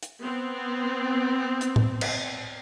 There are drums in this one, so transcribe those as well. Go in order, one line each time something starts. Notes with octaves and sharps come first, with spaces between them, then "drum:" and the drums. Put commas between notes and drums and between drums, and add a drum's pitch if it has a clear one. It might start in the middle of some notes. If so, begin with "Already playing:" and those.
drum: hi-hat
B3 C4
drum: hi-hat
drum: tom A2
drum: cymbal